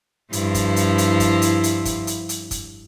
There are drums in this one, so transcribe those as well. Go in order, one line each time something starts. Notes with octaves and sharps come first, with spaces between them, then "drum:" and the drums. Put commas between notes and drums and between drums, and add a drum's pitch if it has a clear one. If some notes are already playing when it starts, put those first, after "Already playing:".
G2 F3 E4, drum: hi-hat
drum: kick, hi-hat
drum: hi-hat
drum: hi-hat
drum: kick, hi-hat
drum: hi-hat
drum: hi-hat
drum: kick, hi-hat
drum: hi-hat
drum: hi-hat
drum: kick, hi-hat